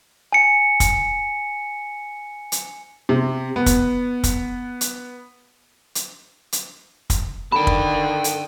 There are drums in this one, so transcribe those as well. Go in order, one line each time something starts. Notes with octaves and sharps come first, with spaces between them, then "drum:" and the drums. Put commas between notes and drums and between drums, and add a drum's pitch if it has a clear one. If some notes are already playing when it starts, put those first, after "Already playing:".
G#5 C#7
drum: kick, hi-hat
drum: hi-hat
C3
B3
drum: kick, hi-hat
drum: kick, hi-hat
drum: hi-hat
drum: hi-hat
drum: hi-hat
drum: kick, hi-hat
D3 D#3 G5 A5 B5
drum: kick
drum: hi-hat